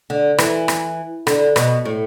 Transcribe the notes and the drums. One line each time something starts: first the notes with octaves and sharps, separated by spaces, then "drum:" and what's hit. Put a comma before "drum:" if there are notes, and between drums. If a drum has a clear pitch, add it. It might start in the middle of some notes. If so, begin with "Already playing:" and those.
D3
E3, drum: rim click
drum: rim click
D3, drum: rim click
B2, drum: rim click
A2